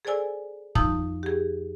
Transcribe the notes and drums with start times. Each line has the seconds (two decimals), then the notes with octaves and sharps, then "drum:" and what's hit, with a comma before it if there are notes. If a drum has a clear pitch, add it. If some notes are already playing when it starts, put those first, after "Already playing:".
0.05 G#4 A4 C5 D5 G#5 E6
0.75 F2 F3 D#4 D#6 E6 G6, drum: kick
1.23 G4 G#4